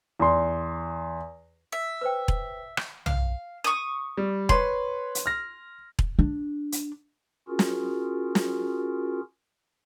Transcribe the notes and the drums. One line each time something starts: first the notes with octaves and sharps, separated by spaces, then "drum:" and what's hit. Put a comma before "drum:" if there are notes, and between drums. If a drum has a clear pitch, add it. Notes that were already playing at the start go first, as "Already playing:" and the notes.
E2 C6
E5
B4 C5 G5
drum: kick E1
drum: rim click
F5, drum: tom B1
C#6 D#6
G3
B4 C#5 C6, drum: kick E1
drum: hi-hat
F6 A#6
drum: kick E1
D4
drum: hi-hat
C#4 F4 F#4 G#4 A#4
drum: snare
drum: snare